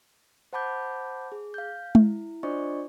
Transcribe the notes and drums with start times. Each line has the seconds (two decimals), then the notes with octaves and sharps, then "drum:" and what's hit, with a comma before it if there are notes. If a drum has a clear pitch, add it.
0.53 C5 F#5 A5 B5 D6 G6
1.32 G#4
1.54 F5 G6
1.95 E4, drum: tom G#3
2.43 D4 F4 C5 D5 D#5 C#6